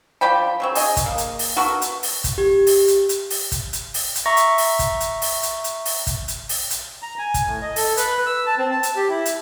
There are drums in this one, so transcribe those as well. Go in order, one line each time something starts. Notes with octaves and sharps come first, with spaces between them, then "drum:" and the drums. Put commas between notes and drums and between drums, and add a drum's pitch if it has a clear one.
F3 D5 G5 B5
C#3 F#3 C4
G#4 D#5, drum: open hi-hat
drum: kick, hi-hat
A#3
drum: hi-hat
drum: open hi-hat
B3 F#4 A4 A#4
drum: hi-hat
drum: open hi-hat
drum: kick, hi-hat
G4
drum: open hi-hat
drum: hi-hat
drum: hi-hat
drum: open hi-hat
drum: kick, hi-hat
drum: hi-hat
drum: open hi-hat
drum: hi-hat
E5 A#5 C#6 A#6
drum: hi-hat
drum: open hi-hat
drum: kick, hi-hat
drum: hi-hat
drum: open hi-hat
drum: hi-hat
drum: hi-hat
drum: open hi-hat
drum: kick, hi-hat
drum: hi-hat
drum: open hi-hat
drum: hi-hat
A#5
G#5
drum: kick, hi-hat
A2
D#5
A4, drum: open hi-hat
B4, drum: hi-hat
E6
A5
C4
A5
drum: hi-hat
G4
E4
drum: hi-hat